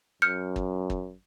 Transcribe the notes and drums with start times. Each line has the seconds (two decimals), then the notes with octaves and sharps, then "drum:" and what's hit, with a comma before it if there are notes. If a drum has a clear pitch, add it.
0.22 F#2 F6 G6 C#7
0.56 drum: kick
0.90 drum: kick